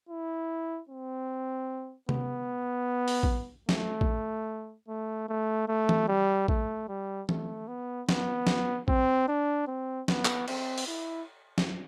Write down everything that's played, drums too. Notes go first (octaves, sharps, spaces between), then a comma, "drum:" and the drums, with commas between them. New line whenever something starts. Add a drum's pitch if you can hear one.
E4
C4
B3, drum: tom C3
drum: open hi-hat
drum: kick A#1
A3, drum: snare
drum: kick A#1
A3
A3
A3
drum: tom E3
G3
A3, drum: kick A#1
G3
A3, drum: tom E3
B3
B3, drum: snare
drum: snare
C4, drum: kick A#1
D4
C4
B3, drum: snare
drum: clap
C4, drum: cymbal
drum: open hi-hat
E4
drum: snare